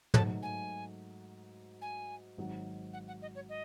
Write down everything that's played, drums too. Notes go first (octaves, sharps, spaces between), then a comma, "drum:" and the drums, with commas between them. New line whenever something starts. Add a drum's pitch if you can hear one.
G#2 F#3 A3 A5, drum: tom
G#5
G#5
G#1 G#2 F#3
F#5
F#5
D#5
C#5
D#5